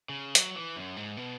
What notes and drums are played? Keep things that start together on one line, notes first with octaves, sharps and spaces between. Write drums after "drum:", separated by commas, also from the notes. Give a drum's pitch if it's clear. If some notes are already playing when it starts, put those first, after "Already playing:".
C#3
F#3, drum: hi-hat
E3
F#2
G#2
B2